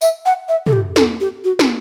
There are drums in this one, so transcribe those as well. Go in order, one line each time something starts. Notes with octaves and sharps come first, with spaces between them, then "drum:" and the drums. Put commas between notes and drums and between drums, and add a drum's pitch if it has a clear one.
E5, drum: tambourine
F#5
E5
A4, drum: tom
G4
A4, drum: snare
G4
F#4
drum: snare